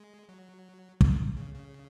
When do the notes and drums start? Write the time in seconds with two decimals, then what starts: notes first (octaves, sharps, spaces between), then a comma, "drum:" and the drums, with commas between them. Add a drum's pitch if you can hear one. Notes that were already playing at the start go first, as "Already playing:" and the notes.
Already playing: G#3
0.29 F#3
1.01 A#2, drum: kick
1.36 C#3
1.54 C#3